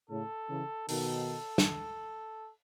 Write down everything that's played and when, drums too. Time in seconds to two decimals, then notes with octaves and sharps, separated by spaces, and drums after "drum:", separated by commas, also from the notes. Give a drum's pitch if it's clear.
0.10 A2 C#3 A4
0.49 C#3 E3
0.88 B2 D#3 A4, drum: open hi-hat
1.58 drum: snare